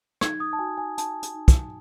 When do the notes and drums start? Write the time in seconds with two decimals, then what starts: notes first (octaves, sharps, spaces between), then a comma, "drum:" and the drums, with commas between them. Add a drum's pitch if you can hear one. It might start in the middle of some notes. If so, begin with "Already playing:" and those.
0.21 D#4 G#6, drum: rim click
0.40 D#6
0.53 A5
0.59 F#4 G#5
0.78 G#5
0.98 D#4 A5, drum: hi-hat
1.23 drum: hi-hat
1.35 D#4
1.48 drum: kick, hi-hat